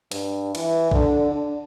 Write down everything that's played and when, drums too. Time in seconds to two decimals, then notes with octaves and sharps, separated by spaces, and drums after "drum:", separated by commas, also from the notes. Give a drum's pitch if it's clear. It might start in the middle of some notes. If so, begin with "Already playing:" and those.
0.12 G2, drum: hi-hat
0.55 E3, drum: cymbal
0.91 D3, drum: kick
1.32 D4